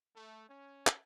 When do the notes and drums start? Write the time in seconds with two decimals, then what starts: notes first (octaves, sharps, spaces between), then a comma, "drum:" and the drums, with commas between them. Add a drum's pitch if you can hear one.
0.16 A3
0.49 C#4
0.87 drum: clap